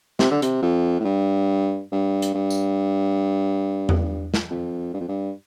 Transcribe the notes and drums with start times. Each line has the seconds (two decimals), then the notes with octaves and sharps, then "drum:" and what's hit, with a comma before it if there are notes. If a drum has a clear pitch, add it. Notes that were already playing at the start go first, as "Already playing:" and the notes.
0.19 C3, drum: snare
0.31 D3
0.42 C3, drum: hi-hat
0.62 F2
1.00 A2
1.04 G2
1.92 G2
2.22 drum: hi-hat
2.35 G2
2.50 drum: tambourine
3.89 drum: tom E2
4.34 drum: snare
4.51 F2
4.94 G2
5.01 F2
5.09 G2